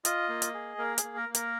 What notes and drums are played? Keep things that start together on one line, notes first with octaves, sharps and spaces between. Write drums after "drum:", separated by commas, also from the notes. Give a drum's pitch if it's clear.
F4 D#5, drum: hi-hat
A#3
drum: hi-hat
G#4
A#3 A#4
G#4, drum: hi-hat
A#3
A#4
A#3
A#4, drum: hi-hat